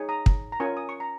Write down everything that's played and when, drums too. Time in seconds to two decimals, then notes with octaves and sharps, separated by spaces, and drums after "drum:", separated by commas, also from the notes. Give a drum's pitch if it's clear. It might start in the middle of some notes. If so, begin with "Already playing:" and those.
Already playing: D#4 G#4 C#5
0.09 A#5 D#6
0.26 drum: kick
0.52 A#5
0.60 C#4 F4 A#4 G#5 C#6
0.77 D#6
0.89 C#6
1.00 A#5